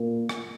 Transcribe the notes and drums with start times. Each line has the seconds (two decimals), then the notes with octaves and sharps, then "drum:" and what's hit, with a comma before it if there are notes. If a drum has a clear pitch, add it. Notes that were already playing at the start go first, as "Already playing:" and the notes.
Already playing: A#2 A#3
0.29 drum: rim click